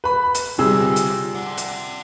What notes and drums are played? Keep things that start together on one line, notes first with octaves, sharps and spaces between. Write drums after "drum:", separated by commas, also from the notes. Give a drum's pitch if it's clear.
B4 B5
drum: hi-hat
C3 G3 F4 G#4 C#5 E6
drum: hi-hat
D5 F#5
drum: hi-hat